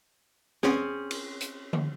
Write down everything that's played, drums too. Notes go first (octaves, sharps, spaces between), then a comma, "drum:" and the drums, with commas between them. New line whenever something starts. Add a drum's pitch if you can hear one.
C4 C#4 G#4, drum: snare
drum: cymbal
drum: hi-hat
drum: tom D3